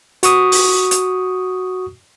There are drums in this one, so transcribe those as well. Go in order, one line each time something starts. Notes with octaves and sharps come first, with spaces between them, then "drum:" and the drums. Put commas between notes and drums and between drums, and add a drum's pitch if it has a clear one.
F#4 C#6 D#6, drum: hi-hat
drum: open hi-hat
drum: hi-hat